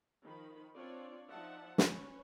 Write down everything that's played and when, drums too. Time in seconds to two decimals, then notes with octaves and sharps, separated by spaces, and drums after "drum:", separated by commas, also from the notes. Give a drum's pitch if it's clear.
0.23 D#3 F3 B5
0.75 C4 D4 F4 C#5 D5
1.30 F3 D#4 D5 E5 F#5 A5
1.78 C#4 B4 C#5, drum: snare